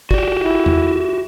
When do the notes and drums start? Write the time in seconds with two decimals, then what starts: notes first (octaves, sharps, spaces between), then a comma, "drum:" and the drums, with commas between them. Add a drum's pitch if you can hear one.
0.11 F#4 G4 D5, drum: kick
0.43 E4
0.66 drum: tom E2